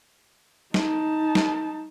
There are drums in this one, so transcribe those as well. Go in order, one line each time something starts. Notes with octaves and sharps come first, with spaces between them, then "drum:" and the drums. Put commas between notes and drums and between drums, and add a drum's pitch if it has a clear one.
D#4 A5, drum: snare
drum: snare